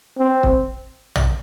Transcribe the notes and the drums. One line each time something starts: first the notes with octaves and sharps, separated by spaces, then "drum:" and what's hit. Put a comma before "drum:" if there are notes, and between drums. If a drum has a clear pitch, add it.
C4
drum: kick
drum: tom A#1